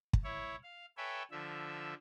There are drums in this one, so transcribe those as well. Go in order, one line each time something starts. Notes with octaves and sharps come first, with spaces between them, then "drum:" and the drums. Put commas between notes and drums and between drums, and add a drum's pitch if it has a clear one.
drum: kick
E4 C#5
F5
A4 B4 C#5 E5 G5 G#5
D3 F3 E5